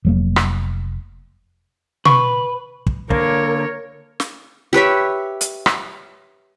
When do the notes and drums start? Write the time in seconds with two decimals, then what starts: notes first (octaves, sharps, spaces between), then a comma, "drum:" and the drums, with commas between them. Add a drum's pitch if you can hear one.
0.05 F1 F#3 A#3
0.36 drum: rim click
2.05 B4 C#6, drum: tom B2
2.86 drum: kick
3.10 D3 A#3 A#4 C#5, drum: kick
4.20 drum: snare
4.73 G4 B4 C#5 E5
5.41 drum: hi-hat
5.66 drum: rim click